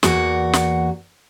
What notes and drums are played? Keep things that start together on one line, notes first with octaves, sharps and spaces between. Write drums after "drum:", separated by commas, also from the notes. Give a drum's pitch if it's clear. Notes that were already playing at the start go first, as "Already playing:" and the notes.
E2 A#3 F#4, drum: snare
drum: snare